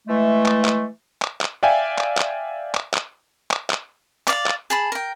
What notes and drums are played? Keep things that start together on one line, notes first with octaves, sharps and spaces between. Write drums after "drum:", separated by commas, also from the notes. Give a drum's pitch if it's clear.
E3 G#3 A3
drum: clap
drum: clap
drum: clap
drum: clap
D5 E5 F5 G5 G#5
drum: clap
drum: clap
drum: clap
drum: clap
drum: clap
drum: clap
D5 F5, drum: clap
drum: clap
G#4 A5 B5
A#4 G5